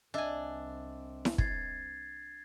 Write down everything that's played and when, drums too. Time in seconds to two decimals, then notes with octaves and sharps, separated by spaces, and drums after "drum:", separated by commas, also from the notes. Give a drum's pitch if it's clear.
0.14 C2 C4 D4 D#5 E5 G#5 E6
1.25 drum: snare E4
1.38 G#6 A6 C7, drum: kick